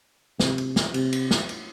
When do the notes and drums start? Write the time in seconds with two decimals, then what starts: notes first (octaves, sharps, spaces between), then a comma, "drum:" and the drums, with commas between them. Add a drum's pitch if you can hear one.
0.40 C3, drum: snare
0.58 drum: cymbal
0.76 drum: snare
0.94 C3, drum: cymbal
1.13 drum: cymbal
1.31 drum: snare
1.49 drum: cymbal